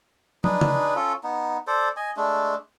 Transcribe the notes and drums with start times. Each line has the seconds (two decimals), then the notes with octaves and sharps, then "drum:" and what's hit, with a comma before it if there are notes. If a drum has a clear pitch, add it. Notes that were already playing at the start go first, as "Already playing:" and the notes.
0.44 D4 D#4 G#4 B4, drum: tom
0.61 drum: tom C#3
0.95 C#4 F4 A4
1.23 B3 D#4
1.67 A4 C5 D5
1.97 D#5 G#5
2.17 G#3 A3 D4